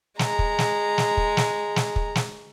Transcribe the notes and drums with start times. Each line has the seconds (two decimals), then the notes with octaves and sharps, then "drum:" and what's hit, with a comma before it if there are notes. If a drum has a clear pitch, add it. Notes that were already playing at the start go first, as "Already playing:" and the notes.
0.19 G#3 A#5, drum: snare
0.39 drum: kick
0.58 drum: snare
0.98 drum: snare
1.17 drum: kick
1.37 drum: snare
1.76 drum: snare
1.96 drum: kick
2.15 drum: snare